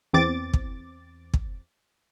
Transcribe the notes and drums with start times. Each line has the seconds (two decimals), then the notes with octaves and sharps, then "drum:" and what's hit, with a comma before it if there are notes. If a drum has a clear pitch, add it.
0.13 E2 C4 D6 A6
0.53 drum: kick
1.34 drum: kick